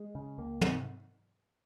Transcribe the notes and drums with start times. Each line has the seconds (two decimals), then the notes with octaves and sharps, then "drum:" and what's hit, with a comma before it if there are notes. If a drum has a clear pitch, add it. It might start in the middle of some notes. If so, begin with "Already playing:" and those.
Already playing: G#3
0.15 C#3
0.38 C#2 A#3
0.61 C3 C4, drum: tom